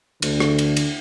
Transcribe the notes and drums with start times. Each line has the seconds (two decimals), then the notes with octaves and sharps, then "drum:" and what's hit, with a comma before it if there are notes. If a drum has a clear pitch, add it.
0.22 D2 D3, drum: cymbal
0.40 drum: rim click
0.58 drum: cymbal
0.77 drum: cymbal